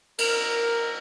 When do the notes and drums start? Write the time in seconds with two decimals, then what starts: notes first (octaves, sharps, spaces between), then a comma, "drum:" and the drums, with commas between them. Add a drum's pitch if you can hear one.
0.18 A#4, drum: cymbal